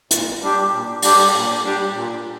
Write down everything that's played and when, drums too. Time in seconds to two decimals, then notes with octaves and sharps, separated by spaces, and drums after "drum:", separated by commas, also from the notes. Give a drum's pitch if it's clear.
0.11 A#2, drum: hi-hat
0.41 G3 D4 G4
0.72 A#2
1.02 G3 D4 G4, drum: open hi-hat
1.34 A#2
1.65 G3 D4 G4
1.94 A#2